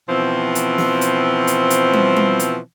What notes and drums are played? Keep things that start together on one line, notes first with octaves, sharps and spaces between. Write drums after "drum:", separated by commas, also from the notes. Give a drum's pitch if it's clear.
B2 E3 F3 C4
drum: hi-hat
drum: snare
drum: hi-hat
drum: hi-hat
drum: hi-hat
drum: tom G3
drum: tom G3
drum: hi-hat